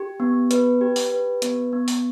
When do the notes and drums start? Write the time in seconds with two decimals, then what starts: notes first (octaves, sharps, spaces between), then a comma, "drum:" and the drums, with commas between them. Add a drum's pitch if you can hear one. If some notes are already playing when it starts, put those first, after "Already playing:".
Already playing: G4
0.20 B3
0.51 B4, drum: hi-hat
0.81 G4
0.96 drum: open hi-hat
1.12 B4
1.42 B3, drum: hi-hat
1.73 B3
1.88 drum: open hi-hat